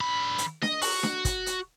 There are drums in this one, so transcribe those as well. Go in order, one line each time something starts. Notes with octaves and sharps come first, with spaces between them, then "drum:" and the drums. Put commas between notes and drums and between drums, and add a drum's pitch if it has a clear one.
D3 B5
drum: hi-hat
D#5, drum: snare D4
F#4, drum: open hi-hat
drum: snare D4
drum: kick, hi-hat
drum: hi-hat